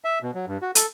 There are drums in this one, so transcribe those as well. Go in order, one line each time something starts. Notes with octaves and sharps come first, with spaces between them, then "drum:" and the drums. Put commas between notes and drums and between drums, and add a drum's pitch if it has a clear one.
E5
B2
F#3
G2
F#4
A4, drum: hi-hat